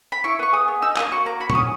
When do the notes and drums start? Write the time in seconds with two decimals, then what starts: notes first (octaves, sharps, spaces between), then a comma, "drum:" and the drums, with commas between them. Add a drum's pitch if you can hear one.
0.12 B5
0.24 E4 C#6
0.39 B3 C#6
0.52 G#4 D#6
0.68 B3
0.82 D#4 E6
0.97 A#3 D#6, drum: clap
1.12 F#4 C#6
1.25 A#3 A#5
1.40 F#4 B5
1.50 C#6, drum: tom
1.55 C#4 D#6